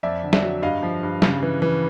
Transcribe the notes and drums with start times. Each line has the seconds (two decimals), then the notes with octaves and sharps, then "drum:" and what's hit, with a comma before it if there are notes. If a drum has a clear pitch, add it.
0.03 F2 D5 E5
0.23 D3
0.33 D5 E5, drum: snare
0.42 F#3
0.62 G2 D#5 F5
0.83 F3
1.03 G2
1.22 C#3, drum: snare
1.43 E3
1.62 E3